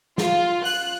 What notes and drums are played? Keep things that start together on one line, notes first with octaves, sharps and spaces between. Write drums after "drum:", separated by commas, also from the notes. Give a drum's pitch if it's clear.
F4, drum: snare
F#6, drum: open hi-hat